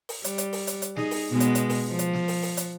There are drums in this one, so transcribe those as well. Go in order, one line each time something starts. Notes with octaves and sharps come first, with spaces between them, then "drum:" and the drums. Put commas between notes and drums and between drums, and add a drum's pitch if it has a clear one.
drum: open hi-hat
G3, drum: hi-hat
drum: hi-hat
drum: open hi-hat
drum: hi-hat
drum: hi-hat
D#4 G#4, drum: snare
drum: open hi-hat
B2 G#3 B3
drum: hi-hat
drum: hi-hat
drum: open hi-hat
F3
drum: hi-hat
drum: snare
drum: open hi-hat
drum: open hi-hat
drum: hi-hat